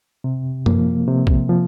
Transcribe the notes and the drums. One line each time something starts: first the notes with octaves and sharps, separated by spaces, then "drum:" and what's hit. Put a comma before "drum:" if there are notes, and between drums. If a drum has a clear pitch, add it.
C3
F3 A#3, drum: tom F#2
C3
drum: kick
F3